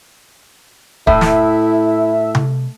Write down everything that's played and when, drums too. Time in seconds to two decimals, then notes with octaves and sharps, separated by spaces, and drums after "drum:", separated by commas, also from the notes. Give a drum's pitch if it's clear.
1.07 A2 E4 E5, drum: kick D1
1.21 drum: snare
2.35 drum: tom C3